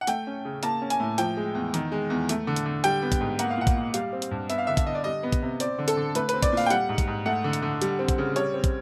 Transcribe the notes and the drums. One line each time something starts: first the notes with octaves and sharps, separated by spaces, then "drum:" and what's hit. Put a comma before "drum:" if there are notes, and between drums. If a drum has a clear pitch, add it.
F#5
A3 G5, drum: hi-hat
C#4
C#3
A#3 A5, drum: hi-hat
C#4
G#5, drum: hi-hat
A2
F3 G5, drum: hi-hat
G#3
E2
D#3, drum: hi-hat
G#3
E2
A3, drum: hi-hat
D3
drum: hi-hat
D3
G3 G5, drum: hi-hat
B3
drum: kick, hi-hat
G#2
A#3 F#5, drum: hi-hat
F5
A#2 F#5
drum: kick, hi-hat
A#2
G3 F5, drum: hi-hat
C4
drum: hi-hat
G2
B3 E5, drum: hi-hat
F5
D3 E5
E5, drum: kick, hi-hat
D3 D#5
D5
G3 D#5
B3
drum: kick, hi-hat
C3
C4 D5, drum: hi-hat
D3
A4, drum: hi-hat
D3
A3 B4, drum: hi-hat
B4, drum: hi-hat
C4
D5, drum: kick, hi-hat
A#2
F5, drum: open hi-hat
G5
G3 F#5, drum: hi-hat
G#2
drum: kick, hi-hat
G#2
A3 F#5
D3
drum: hi-hat
D3
G3, drum: hi-hat
C4
drum: kick, hi-hat
C#3
G3 C#5, drum: hi-hat
C4
drum: kick, hi-hat